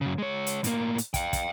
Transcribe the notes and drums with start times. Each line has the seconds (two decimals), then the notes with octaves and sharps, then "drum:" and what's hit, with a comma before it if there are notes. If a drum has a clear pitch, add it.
0.01 F#2 C#3
0.18 G#3 C#5
0.47 drum: hi-hat
0.64 A2 A#3, drum: hi-hat
0.98 drum: hi-hat
1.14 F5 G5, drum: kick, hi-hat
1.33 drum: kick, hi-hat